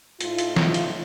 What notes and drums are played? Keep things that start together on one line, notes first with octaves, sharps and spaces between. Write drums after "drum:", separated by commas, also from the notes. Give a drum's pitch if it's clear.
A2 D#4 F4, drum: hi-hat
drum: hi-hat
drum: snare
drum: hi-hat